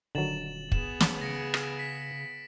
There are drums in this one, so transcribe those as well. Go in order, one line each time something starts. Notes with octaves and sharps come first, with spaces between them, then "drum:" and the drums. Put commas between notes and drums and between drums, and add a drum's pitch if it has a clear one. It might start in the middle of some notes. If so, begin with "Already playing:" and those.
D#1 D3 D#3 F#3 A6 E7 F#7
B3 G#4 E7, drum: kick
drum: snare
C#3 A#6 C#7 D7
drum: rim click
B6